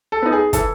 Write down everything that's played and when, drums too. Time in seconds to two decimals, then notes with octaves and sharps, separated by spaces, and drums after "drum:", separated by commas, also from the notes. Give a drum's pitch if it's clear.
0.12 A4
0.22 B3 D#4
0.32 G#4
0.53 E3 A4, drum: kick, hi-hat